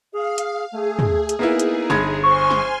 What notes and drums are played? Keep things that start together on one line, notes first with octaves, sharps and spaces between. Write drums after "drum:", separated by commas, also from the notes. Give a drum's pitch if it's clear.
G#4 F5
drum: hi-hat
A3 G#4
drum: tom
drum: hi-hat
A#3 B3 D#4 E4
drum: hi-hat
G1 B5 G#6, drum: snare
C5 G#5 C6 C#6 F6
drum: snare